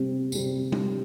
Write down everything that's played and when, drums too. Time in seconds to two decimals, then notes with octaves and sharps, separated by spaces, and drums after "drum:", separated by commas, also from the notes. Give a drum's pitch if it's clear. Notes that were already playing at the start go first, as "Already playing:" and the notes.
Already playing: C3 G3 C4
0.32 C3 G3 C4, drum: tambourine
0.72 drum: tom G3